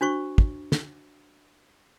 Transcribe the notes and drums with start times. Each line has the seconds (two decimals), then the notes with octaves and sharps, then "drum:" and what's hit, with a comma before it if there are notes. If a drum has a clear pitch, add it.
0.01 D4 F#4 C5 C#6
0.38 drum: kick
0.72 drum: snare